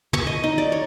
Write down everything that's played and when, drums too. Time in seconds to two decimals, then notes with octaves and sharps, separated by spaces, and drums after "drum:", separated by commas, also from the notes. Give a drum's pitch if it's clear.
0.13 C#6, drum: tom
0.27 D#5
0.44 D#4
0.58 D5
0.72 C#5